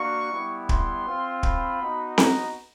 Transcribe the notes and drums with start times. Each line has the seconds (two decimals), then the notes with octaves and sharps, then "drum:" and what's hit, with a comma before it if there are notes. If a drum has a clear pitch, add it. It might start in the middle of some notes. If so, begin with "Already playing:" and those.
Already playing: A#3 D4 F#4 C#6
0.32 G3 B3 E4
0.69 C6, drum: kick
1.06 C4 F4
1.43 B5, drum: kick
1.81 B3 D#4 F#4
2.18 A#5, drum: snare C4